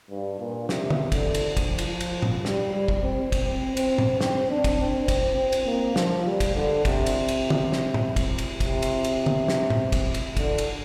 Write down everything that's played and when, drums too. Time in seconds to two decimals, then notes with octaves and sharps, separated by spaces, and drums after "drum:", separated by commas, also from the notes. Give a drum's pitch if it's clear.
0.10 G2
0.40 A#2
0.69 C3, drum: snare
0.90 drum: tom
1.12 D3, drum: kick, cymbal
1.34 drum: cymbal
1.57 F3, drum: kick, cymbal
1.78 drum: cymbal
2.00 drum: cymbal
2.22 drum: tom
2.45 G3, drum: snare
2.74 G3
2.88 drum: kick
3.03 C4
3.32 C4, drum: kick, cymbal
3.77 C4, drum: cymbal
3.98 drum: tom
4.21 C4, drum: snare
4.50 D4
4.64 drum: kick, cymbal
4.78 C4
5.08 C4, drum: kick, cymbal
5.37 C4
5.52 drum: cymbal
5.66 A#3
5.96 F3, drum: snare
6.26 G3
6.40 drum: kick, cymbal
6.54 D3
6.85 C3, drum: kick, cymbal
7.06 drum: cymbal
7.28 drum: cymbal
7.50 drum: tom
7.72 drum: snare
7.94 drum: tom
8.16 drum: kick, cymbal
8.38 drum: cymbal
8.60 C3, drum: kick, cymbal
8.82 drum: cymbal
9.04 drum: cymbal
9.26 drum: tom
9.48 drum: snare
9.70 drum: tom
9.92 drum: kick, cymbal
10.14 drum: cymbal
10.37 D3, drum: kick, cymbal
10.58 drum: cymbal